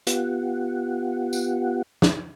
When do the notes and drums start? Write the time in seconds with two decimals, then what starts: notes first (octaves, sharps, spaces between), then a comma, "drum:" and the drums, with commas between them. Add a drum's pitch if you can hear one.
0.07 B3 F4 G4 F#5, drum: hi-hat
1.33 drum: tambourine
2.02 drum: snare